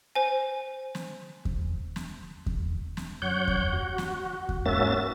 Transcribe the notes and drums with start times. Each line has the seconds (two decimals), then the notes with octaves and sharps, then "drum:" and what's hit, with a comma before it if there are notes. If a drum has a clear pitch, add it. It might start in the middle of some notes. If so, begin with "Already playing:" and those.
0.15 C5 G#5
0.95 drum: snare
1.45 drum: kick E2
1.96 drum: snare
2.46 drum: kick E2
2.97 drum: snare
3.22 F#2 C#5 F#5 G6
3.48 drum: kick E2
3.73 F#4
3.98 drum: snare
4.49 drum: kick E2
4.66 G#2 A#3 C#4 F#4 E5 A6